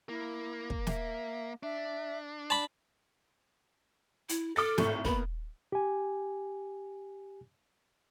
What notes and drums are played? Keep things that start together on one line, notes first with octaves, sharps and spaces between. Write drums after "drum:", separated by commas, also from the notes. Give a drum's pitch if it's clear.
A#3 E4
drum: kick
E5, drum: snare
D4 E5
D5 A5 B5
E4, drum: hi-hat
A4 D6 F6 A6
G#1 A2 C#6, drum: snare
A#3 B3 B5, drum: kick
G4 G#5